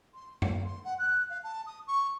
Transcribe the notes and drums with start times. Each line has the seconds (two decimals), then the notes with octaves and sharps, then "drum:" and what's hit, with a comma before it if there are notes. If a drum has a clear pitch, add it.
0.14 C6
0.42 F5, drum: tom F#2
0.65 C6
0.84 F#5
0.98 F#6
1.30 F5
1.43 A5
1.66 D#6
1.87 C#6